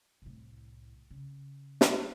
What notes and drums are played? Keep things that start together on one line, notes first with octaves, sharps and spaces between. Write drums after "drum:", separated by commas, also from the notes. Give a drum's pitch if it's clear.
C2 A2
C#3
drum: snare